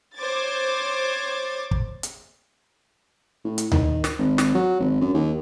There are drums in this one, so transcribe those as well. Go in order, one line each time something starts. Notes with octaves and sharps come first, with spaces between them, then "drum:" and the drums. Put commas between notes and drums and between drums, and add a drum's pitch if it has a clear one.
C5 C#5 D6 G#6 A6
drum: kick
drum: hi-hat
A2
drum: hi-hat
D#3, drum: tom D2
drum: snare
G#1
drum: snare
F#3
G#1
F#2
D#2